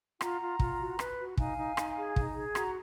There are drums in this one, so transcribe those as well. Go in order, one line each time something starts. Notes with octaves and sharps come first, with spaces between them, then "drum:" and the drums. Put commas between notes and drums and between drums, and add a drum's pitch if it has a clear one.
F4 F#5 A#5, drum: rim click
F4
F4, drum: kick
F#4
B4, drum: rim click
F#4
D#4 F5 G#5, drum: kick
D#4
D#4, drum: rim click
G#4
D#4, drum: kick
G#4
F#4 F#5 A#5, drum: rim click